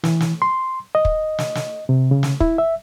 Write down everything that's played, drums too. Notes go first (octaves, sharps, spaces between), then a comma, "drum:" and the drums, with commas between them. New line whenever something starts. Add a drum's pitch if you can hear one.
E3, drum: snare
drum: snare
C6
D#5
drum: kick
drum: snare
drum: snare
C3
C#3
drum: snare
E4, drum: kick
E5